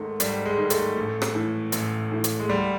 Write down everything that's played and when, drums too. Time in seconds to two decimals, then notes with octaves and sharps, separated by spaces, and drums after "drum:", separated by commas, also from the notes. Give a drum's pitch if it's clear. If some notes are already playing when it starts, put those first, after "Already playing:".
Already playing: G#1 G#2 D#3 A3
0.20 G#1 G3, drum: hi-hat
0.46 G#3
0.58 G#2 D#3
0.70 A3, drum: hi-hat
0.97 A1
1.22 drum: rim click
1.35 A2 E3
1.72 A1, drum: hi-hat
2.12 A2 E3
2.24 drum: hi-hat
2.40 G#3
2.49 D2 G3